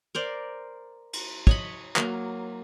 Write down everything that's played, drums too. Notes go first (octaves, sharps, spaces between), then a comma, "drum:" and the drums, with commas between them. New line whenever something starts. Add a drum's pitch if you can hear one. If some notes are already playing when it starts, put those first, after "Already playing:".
A#4 C5 D5
drum: cymbal
C#5 D#5 B5, drum: kick
F#3 A#3, drum: clap